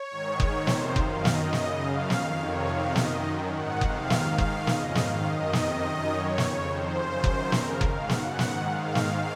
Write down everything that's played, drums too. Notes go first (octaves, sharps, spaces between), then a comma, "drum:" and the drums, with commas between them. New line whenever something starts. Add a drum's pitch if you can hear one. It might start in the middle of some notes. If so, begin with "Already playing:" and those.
Already playing: C#5
G#2 D#3
G#2 D#3, drum: kick F#1
F2 C3 D#3 C5, drum: snare
F#2 D#3 F5, drum: kick F#1
F#2 D#3 D#5, drum: snare
C#3, drum: snare
F#2
F#2 C#3 F5
F2 D#3, drum: snare
F2 C3 D#3 C#5
F2 C3 D#3 F5
F#2 D#3 D#5, drum: snare
F#2 D#3
G#2 D#3 F#5
F2 C3 D#3 F5, drum: kick F#1
G#2 D#3, drum: snare
G#2 D#3, drum: kick F#1
F2 C#3 D#5, drum: snare
G#2 D#3 F5, drum: snare
F#2 D#3 D#5
F2 C3 D#3, drum: snare
F#2 D#3
F#2 D#3 C#5
F2 C#3 C#5, drum: snare
F2 D#3 C5
F#2 C#3 C5
F#2 D#3, drum: kick F#1
C#3 A#4, drum: snare
F2
G#2 D#3 F5, drum: kick F#1
F#2 C#3 F#5, drum: snare
G#2 D#3, drum: snare
G#2 D#3 F5
G#2 D#3 F5, drum: snare